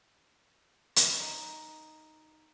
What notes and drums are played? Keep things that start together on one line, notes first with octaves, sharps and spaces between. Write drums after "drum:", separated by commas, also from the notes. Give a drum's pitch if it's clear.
drum: hi-hat
D#4